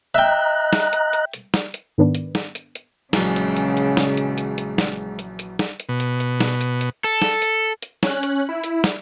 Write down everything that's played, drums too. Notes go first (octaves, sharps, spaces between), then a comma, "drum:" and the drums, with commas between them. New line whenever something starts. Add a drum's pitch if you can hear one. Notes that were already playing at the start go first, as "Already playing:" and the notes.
D#5 E5 G5 A#5 F#6
drum: snare
drum: hi-hat
drum: hi-hat
drum: hi-hat
drum: snare
drum: hi-hat
G#2 D#3 B3 D4
drum: hi-hat
drum: snare
drum: hi-hat
drum: hi-hat
A#1 C#3 E3 F#3 G#3, drum: snare
drum: hi-hat
drum: hi-hat
drum: hi-hat
drum: snare
drum: hi-hat
drum: hi-hat
drum: hi-hat
drum: snare
drum: hi-hat
drum: hi-hat
drum: snare
drum: hi-hat
B2
drum: hi-hat
drum: hi-hat
drum: snare
drum: hi-hat
drum: hi-hat
A4, drum: hi-hat
drum: snare
drum: hi-hat
drum: hi-hat
C#4 F#6, drum: snare
drum: hi-hat
E4
drum: hi-hat
drum: snare